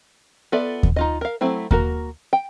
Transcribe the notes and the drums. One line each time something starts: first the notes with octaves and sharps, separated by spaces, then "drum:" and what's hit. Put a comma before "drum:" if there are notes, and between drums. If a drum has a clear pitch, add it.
B3 F4 A4 D5 E5
drum: kick D#2
D#4 F4 D#5
A#4 F5
F#3 A3 C4 E4
A#3 F#4 A#4, drum: kick D#2
G5